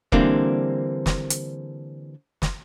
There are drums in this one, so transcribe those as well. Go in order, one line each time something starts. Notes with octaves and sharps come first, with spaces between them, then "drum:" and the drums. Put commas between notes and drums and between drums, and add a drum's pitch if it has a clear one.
D3 E3 G3 A#3 C4 D4, drum: kick F1
drum: snare
drum: hi-hat
drum: snare